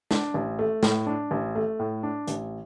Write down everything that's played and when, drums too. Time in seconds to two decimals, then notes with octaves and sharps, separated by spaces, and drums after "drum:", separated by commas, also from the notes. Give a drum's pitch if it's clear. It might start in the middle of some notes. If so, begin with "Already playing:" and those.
0.11 D4, drum: snare
0.34 A1
0.59 A3
0.83 A2, drum: snare
1.07 D4
1.31 A1
1.55 A3
1.79 A2
2.03 D4
2.28 A1, drum: hi-hat